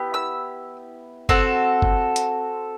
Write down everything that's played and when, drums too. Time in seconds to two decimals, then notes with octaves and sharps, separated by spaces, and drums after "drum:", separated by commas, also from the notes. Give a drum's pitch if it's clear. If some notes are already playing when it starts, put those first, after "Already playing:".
Already playing: B3 E4 G4
0.14 E6
1.29 C4 F#4 A4, drum: kick
1.82 drum: kick
2.16 drum: hi-hat